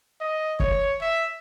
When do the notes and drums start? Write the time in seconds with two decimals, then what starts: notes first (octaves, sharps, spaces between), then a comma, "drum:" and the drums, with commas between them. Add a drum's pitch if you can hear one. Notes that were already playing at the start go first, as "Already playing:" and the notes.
0.21 D#5
0.60 C#5, drum: kick
1.02 E5